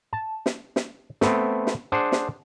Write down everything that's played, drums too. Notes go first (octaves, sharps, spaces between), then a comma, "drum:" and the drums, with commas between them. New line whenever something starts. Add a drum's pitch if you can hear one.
A5
drum: snare
drum: snare
A3 B3 C4, drum: snare
drum: snare
D4 G#4 C5 F#5
drum: snare